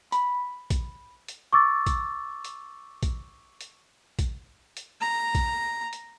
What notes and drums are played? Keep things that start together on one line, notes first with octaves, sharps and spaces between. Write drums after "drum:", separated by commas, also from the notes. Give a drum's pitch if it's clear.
B5, drum: hi-hat
drum: kick A#1, hi-hat
drum: hi-hat
C#6 D6 E6 A6
drum: kick A#1, hi-hat
drum: hi-hat
drum: kick A#1, hi-hat
drum: hi-hat
drum: kick A#1, hi-hat
drum: hi-hat
A#5
drum: kick A#1, hi-hat
drum: hi-hat